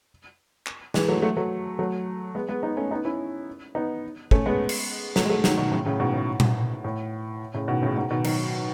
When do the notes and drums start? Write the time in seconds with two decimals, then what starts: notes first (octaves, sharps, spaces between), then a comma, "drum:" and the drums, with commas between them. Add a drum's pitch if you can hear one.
0.66 drum: clap
0.94 E3 G#3, drum: snare
1.08 F#3 A3
1.22 F#3 A3
1.37 F#3 A3
1.79 F#3 A3
2.35 G#3 B3
2.49 G#3 B3
2.63 B3 D#4
2.77 A3 C#4
2.91 B3 D#4
3.05 C#4 E4
3.75 B3 D#4
4.31 A3 C#4, drum: kick
4.46 G#3 B3
4.69 drum: cymbal
5.16 F#3 A3, drum: snare
5.25 G#3
5.29 F#3 A3
5.44 D#3 F#3, drum: snare
5.57 B2 D#3
5.72 A2 C#3
5.86 A2 C#3
6.00 G#2 B2
6.14 A2
6.40 drum: tom A#2
6.84 A2
7.54 A2 C#3
7.68 B2 D#3
7.82 A2 C#3
7.96 G#2 B2
8.10 B2 D#3
8.24 D#3 F#3, drum: cymbal